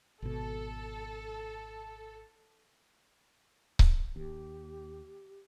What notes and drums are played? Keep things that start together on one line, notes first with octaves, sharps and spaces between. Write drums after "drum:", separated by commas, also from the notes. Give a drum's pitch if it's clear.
G#1 B2 A4
drum: kick C#1
D#2 G4